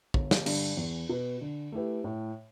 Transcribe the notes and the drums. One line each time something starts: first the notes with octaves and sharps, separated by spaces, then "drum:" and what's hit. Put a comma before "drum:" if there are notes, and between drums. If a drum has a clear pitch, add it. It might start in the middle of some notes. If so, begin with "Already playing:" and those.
G1, drum: kick
drum: snare
G2 D3 G3, drum: cymbal
E2
B2 B3
D3
A3 E4 G4 B4
A2